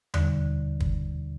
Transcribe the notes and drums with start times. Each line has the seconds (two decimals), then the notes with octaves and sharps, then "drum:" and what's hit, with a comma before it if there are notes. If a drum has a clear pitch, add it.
0.14 D#2 B2 D3 G3, drum: tom E2
0.80 drum: kick